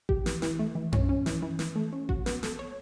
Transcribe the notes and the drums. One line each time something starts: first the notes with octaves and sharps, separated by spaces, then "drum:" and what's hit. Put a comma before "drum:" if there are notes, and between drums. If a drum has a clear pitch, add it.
G4, drum: kick A1
E3, drum: snare
E3, drum: snare
A3
E3
C#4, drum: tom F#2
C#4
E3, drum: snare
E3
E3, drum: snare
A3
C#4
F#4, drum: kick A1
B3, drum: snare
A4, drum: snare
C#5